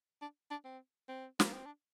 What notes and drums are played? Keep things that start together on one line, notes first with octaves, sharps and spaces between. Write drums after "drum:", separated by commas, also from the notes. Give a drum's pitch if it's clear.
D4
D4
C4
C4
A#3, drum: snare
C4
D4